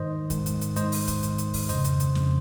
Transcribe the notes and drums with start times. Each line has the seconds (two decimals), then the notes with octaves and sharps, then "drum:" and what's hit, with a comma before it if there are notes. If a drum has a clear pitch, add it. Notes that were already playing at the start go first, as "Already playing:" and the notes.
Already playing: G#2 D#3 C5 D#5
0.30 G#2 D#3, drum: kick, hi-hat
0.46 drum: hi-hat
0.61 drum: hi-hat
0.76 G#2 D#3 C5 D#5, drum: hi-hat
0.92 drum: open hi-hat
1.07 drum: kick, hi-hat
1.23 G#2 D#3, drum: hi-hat
1.38 drum: hi-hat
1.54 drum: kick, open hi-hat
1.69 F2 C#3 C5 D#5, drum: hi-hat
1.84 drum: hi-hat
2.00 drum: hi-hat
2.15 F2 C#3, drum: snare